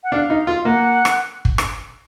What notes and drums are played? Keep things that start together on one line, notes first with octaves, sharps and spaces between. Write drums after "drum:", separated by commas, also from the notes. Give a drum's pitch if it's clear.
F#5
D4 F5
D#4
F4
A#3 F#5
drum: rim click
drum: kick
drum: rim click